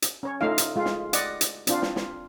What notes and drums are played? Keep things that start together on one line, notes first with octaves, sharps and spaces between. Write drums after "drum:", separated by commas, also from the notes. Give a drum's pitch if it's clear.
drum: hi-hat
C#4 C#5
A3 D#4 F4 F5
drum: hi-hat
G#3 F4
drum: snare
D5 D#5 F#5, drum: hi-hat
drum: hi-hat
C4 D4 F4, drum: hi-hat
drum: snare
drum: snare